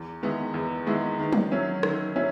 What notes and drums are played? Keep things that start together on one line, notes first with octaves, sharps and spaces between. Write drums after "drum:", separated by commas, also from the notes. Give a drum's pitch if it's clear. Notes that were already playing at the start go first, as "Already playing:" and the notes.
Already playing: E2
D#3 G#3 B3 E4
E2
D#3 G#3 B3 E4
D#3
drum: tom
F#3 C#4 E4
D#3, drum: rim click
F#3 C#4 E4